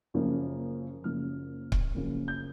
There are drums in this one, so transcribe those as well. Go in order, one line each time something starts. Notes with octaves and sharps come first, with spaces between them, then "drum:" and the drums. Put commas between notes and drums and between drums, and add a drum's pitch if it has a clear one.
F#1 F#2 C#3 F3 A#3
F#1 F#2 C#3 F3 A#3 F6
drum: kick C#1
F#1 F#2 C#3 F3 A#3
G6